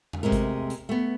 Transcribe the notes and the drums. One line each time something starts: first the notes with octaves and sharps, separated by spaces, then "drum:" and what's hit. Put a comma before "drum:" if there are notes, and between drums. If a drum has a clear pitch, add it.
drum: tom E2
C3 G#3 A3 A#4
drum: kick G#1, hi-hat
drum: hi-hat
A3 B3